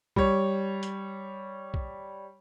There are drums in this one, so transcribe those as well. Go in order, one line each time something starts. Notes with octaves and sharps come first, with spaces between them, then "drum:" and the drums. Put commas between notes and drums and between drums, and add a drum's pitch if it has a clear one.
G3 C#5, drum: kick
drum: hi-hat
drum: kick